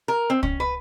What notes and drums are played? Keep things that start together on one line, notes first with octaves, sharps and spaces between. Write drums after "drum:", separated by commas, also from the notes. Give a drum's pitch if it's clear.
A#4
C4
C#4, drum: kick
B4